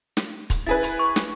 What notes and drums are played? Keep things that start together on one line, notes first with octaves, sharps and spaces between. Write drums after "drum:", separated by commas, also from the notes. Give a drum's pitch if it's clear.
drum: snare
drum: kick C#1, hi-hat
E4 G#4 B4 A6
drum: hi-hat
C#6
drum: snare